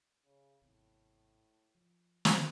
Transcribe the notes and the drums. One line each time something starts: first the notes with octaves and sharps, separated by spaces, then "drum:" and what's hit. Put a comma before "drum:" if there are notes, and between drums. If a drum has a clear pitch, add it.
C#3
G#1 E2 A2 C3
F3
drum: snare